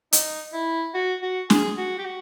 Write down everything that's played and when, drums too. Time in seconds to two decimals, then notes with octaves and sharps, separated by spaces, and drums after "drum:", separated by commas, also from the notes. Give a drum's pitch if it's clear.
0.13 D#4, drum: hi-hat
0.53 E4
0.95 F#4
1.22 F#4
1.50 G#4, drum: snare
1.78 F#4
1.99 G4
2.05 F#4